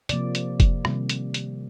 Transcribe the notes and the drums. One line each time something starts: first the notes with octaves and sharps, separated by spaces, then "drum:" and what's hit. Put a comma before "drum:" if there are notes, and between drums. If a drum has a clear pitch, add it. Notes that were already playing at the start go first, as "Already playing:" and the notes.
C3 F3 A#3 D5, drum: hi-hat
drum: hi-hat
drum: kick, hi-hat
C3 D#3 G3 A#3, drum: rim click
drum: hi-hat
drum: hi-hat